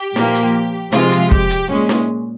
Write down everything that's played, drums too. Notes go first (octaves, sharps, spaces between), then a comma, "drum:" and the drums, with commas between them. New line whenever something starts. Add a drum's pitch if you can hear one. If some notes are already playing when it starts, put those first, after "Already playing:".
Already playing: G4
A#2 F3 A#3, drum: snare
drum: hi-hat
C3 F3 G#3 F4, drum: snare
drum: hi-hat
G4, drum: kick
drum: hi-hat
A#2 G#3 C#4
drum: snare